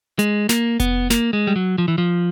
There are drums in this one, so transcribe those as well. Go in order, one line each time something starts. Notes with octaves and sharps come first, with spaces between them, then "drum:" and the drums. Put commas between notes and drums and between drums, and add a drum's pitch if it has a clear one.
G#3, drum: hi-hat
A#3, drum: snare
B3, drum: kick F1, hi-hat
A#3, drum: snare
G#3
G3
F#3
F3
E3
F3